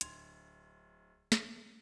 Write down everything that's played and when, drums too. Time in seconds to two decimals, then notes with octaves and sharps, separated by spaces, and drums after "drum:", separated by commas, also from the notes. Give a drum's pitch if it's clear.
0.01 D1 C6 G#6 F7, drum: hi-hat
1.32 drum: snare